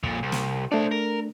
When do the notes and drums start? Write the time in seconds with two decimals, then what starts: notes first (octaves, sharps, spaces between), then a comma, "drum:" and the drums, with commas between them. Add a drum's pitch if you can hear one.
0.03 F2 A#2, drum: kick
0.23 C2
0.32 drum: snare
0.72 A3 D4 C5 D5
0.91 A#4